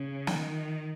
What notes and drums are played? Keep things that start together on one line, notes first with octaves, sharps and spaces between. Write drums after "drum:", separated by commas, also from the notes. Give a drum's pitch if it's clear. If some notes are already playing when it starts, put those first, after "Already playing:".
Already playing: C#3
D#3, drum: snare